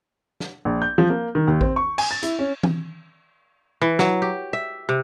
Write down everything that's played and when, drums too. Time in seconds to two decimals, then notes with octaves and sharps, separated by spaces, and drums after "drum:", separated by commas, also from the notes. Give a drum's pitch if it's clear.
0.40 drum: snare
0.65 A#1
0.82 G6
0.98 F3
1.10 A#3
1.35 D#3
1.47 D#2
1.61 C4, drum: kick A1
1.76 C#6
1.98 G#5, drum: cymbal
2.11 A6
2.23 E4, drum: hi-hat
2.39 C#4
2.63 drum: tom E3
3.81 E3
3.99 F#3, drum: snare
4.22 G4
4.53 E5
4.89 C3